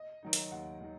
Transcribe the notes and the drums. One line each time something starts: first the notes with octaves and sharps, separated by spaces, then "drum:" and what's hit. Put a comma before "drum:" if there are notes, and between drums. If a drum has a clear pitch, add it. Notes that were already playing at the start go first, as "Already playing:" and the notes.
Already playing: D#5
D#3 F#3 D#4
drum: hi-hat
D#2 F#5
D#3 F#3 D#4